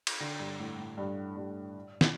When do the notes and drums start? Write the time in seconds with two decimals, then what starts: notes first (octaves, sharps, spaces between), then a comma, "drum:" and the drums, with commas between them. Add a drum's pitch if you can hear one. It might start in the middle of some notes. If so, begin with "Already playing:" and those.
0.07 drum: cymbal
0.20 D3
0.40 G2
0.59 A2
0.78 A2
0.98 G2
1.37 G2
2.01 B2, drum: snare